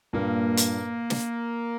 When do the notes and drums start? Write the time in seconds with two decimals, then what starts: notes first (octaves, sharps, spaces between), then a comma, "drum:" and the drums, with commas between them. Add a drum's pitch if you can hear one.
0.13 G2 A#2 A#3
0.57 drum: hi-hat
1.10 drum: snare